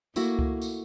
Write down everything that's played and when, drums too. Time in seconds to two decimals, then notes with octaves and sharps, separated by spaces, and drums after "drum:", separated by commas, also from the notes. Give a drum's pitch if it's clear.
0.16 A3 A#3 E4 F#4, drum: tambourine
0.39 drum: kick C#2
0.62 drum: tambourine